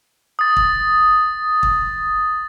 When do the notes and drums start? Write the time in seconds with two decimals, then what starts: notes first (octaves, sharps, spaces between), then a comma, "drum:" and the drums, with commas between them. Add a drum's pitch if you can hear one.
0.39 D#6 A6
0.57 drum: kick
1.63 drum: kick